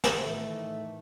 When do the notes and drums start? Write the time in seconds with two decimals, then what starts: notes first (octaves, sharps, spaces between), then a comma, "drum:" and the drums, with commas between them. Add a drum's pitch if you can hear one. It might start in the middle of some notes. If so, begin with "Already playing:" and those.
0.04 drum: snare
0.23 A2 D#3 E3 A3